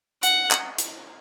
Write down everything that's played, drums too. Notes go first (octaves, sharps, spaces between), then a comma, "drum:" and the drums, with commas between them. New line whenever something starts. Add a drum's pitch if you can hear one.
F#5, drum: hi-hat
drum: clap
drum: hi-hat